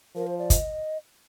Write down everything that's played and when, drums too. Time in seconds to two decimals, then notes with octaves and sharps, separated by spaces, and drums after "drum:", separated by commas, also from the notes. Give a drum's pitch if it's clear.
0.15 F3 A#4
0.27 C5
0.39 D5
0.50 D#5, drum: kick, hi-hat